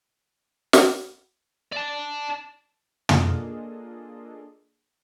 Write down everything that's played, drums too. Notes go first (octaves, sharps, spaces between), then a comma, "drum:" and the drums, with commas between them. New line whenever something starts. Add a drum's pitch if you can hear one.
drum: snare
D5 A5
A#3 D4 F4 G#4 A4 D#5, drum: tom